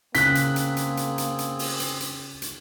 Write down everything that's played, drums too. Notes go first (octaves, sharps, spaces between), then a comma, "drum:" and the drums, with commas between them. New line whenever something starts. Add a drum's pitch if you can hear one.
C#3 A#3 C4 G#4 F#6 B6 G7, drum: hi-hat
drum: hi-hat
drum: hi-hat
drum: hi-hat
drum: hi-hat
drum: hi-hat
drum: hi-hat
drum: open hi-hat
drum: hi-hat
drum: hi-hat
drum: hi-hat